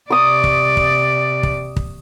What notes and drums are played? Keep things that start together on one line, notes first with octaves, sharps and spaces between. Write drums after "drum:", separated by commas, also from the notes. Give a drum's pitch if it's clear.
C3 D5 C#6 D#6
drum: kick
drum: kick
drum: kick
drum: kick